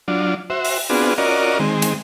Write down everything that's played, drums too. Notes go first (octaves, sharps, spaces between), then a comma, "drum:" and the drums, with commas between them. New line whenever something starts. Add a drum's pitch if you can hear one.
F#3 D4 F4
F#4 C5 E5
drum: open hi-hat
B3 C4 D4 F4 F#4 G#4
C#4 F4 F#4 A#4 D5 D#5
D#3 G#3 C4
drum: hi-hat